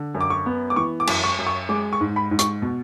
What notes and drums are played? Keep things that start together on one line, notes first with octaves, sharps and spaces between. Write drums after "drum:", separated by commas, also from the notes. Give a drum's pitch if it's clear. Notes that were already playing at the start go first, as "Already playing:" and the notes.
Already playing: D3
F#2
D6
C#6
B3
D6
E3 C#6
D6
F#2, drum: cymbal
C#6
F#2
C#6
G#3 D6
C#6
G#2
B5
G#2
C#6, drum: hi-hat
B2